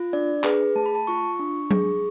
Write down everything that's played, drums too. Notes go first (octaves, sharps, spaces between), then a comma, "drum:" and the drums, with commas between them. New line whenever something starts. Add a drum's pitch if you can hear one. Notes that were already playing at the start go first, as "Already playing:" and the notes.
Already playing: F4
D4 D5
G#4 B4, drum: clap
A3 A5
B5
A5
F4 C#6
D4
G#4, drum: tom F#3